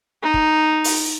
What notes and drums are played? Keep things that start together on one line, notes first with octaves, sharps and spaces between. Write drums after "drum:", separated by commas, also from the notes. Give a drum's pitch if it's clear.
D#4
drum: kick
drum: open hi-hat